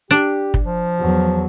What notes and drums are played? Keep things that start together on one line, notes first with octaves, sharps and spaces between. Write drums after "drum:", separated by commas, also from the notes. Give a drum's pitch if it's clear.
D4 G4
drum: kick
F3
E2 F#3